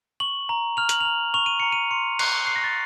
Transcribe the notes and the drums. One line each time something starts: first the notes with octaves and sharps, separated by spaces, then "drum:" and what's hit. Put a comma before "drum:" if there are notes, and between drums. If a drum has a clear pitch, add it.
C#6 F#7
A#5
F6 F7
F#7, drum: hi-hat
A#5 F7
C#6 F7
D#7
A#5 C#7
D#7
C6 C#7
F#6 C7, drum: cymbal
F#6 C7
A#6
A6